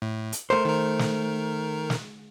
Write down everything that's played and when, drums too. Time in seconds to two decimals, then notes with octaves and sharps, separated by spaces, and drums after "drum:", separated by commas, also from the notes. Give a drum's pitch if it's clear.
0.02 A2
0.32 drum: hi-hat
0.50 A3 A#4 C5
0.65 D#3 A#4
0.99 drum: snare
1.90 drum: snare